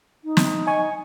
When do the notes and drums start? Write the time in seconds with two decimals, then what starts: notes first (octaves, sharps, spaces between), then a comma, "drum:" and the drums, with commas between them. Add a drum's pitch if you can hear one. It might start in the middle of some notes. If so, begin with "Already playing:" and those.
0.24 D#4
0.37 drum: snare
0.67 D#5 G#5 C#6